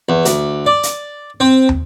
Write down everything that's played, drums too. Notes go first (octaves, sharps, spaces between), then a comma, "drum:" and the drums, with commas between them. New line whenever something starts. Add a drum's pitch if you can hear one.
E2
D2, drum: hi-hat
D5
drum: hi-hat
C4
drum: tom